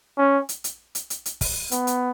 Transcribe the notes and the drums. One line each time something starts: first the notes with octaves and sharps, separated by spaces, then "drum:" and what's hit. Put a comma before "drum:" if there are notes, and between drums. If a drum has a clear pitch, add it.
C#4
drum: hi-hat
drum: hi-hat
drum: hi-hat
drum: hi-hat
drum: hi-hat
drum: kick, open hi-hat
B3, drum: hi-hat
drum: hi-hat